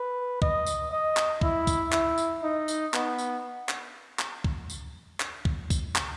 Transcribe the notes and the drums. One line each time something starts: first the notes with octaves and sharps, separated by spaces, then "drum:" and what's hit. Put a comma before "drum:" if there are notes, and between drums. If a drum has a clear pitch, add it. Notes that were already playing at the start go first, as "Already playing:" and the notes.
Already playing: B4
D#5, drum: kick
drum: tambourine
D#5
drum: clap
E4, drum: kick
drum: kick, tambourine
E4, drum: clap
drum: tambourine
D#4
drum: tambourine
B3, drum: clap
drum: tambourine
drum: clap
drum: clap
drum: kick
drum: tambourine
drum: clap
drum: kick
drum: kick, tambourine
drum: clap